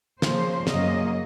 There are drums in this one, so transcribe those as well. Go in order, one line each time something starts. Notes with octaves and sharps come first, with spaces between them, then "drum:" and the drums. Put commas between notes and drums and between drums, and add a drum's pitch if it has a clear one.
C#3 F3 A#3 C5, drum: snare
F#2 C#3 F#3 A#3 D#5, drum: snare